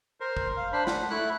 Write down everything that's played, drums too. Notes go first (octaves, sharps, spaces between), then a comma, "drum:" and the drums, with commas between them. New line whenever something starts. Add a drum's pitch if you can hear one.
A#4 C5
drum: kick
F5
D4 C5 B5
F#5, drum: snare
A3 E4 B5 F#6